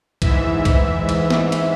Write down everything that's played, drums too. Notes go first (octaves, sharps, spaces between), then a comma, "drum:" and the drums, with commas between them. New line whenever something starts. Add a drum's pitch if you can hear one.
G#2 E3 E5, drum: kick C2, cymbal
drum: kick C2, cymbal
drum: cymbal
drum: snare
drum: cymbal